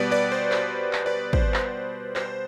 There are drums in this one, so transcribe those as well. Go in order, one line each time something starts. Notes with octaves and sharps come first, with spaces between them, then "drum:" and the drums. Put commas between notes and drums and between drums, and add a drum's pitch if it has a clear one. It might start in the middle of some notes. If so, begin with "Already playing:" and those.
Already playing: B2 G3 B3 B4 D5
B4 D5
C5
B4, drum: clap
drum: clap
B4 D5
C5, drum: kick
drum: clap
C5, drum: clap